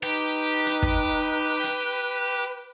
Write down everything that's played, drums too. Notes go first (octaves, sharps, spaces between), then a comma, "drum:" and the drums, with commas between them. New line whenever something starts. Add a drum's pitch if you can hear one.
D#4 G4 B4
drum: hi-hat
drum: kick
drum: hi-hat